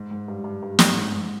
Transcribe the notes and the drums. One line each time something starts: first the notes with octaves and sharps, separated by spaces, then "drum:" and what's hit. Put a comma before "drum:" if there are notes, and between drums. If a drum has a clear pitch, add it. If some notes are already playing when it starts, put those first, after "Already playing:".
Already playing: G#2
G#2
G2
G2
G2
A2, drum: snare
G#2
G#2